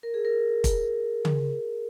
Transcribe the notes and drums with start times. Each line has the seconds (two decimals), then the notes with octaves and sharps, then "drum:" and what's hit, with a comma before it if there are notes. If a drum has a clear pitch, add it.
0.03 A#4
0.14 G#4
0.25 A#4
0.64 drum: kick, hi-hat
1.25 drum: tom C#3